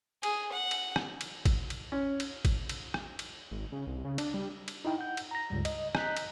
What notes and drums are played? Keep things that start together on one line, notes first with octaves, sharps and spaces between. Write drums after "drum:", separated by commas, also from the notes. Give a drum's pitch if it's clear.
G#4, drum: cymbal
F#5
drum: cymbal
drum: rim click
drum: cymbal
drum: kick, cymbal
drum: cymbal
C#4
drum: cymbal
drum: kick, cymbal
drum: cymbal
drum: rim click
drum: cymbal
G#1
C#3
C2
C#3
D4, drum: cymbal
G3
drum: cymbal
D#4 E4 G5
F#5 G6
drum: cymbal
A#5 A#6
C#2 G2 G3
D#5, drum: cymbal
D#5 A#5 F#6 G6 B6, drum: rim click
drum: cymbal